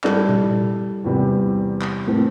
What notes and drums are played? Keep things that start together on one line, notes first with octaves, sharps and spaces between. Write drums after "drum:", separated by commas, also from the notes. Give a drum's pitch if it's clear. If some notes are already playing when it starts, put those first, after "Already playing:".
G3 E4 A4 D5, drum: clap
drum: tom A#2
E2 C3 G3
drum: clap
A2 E3 A3 C4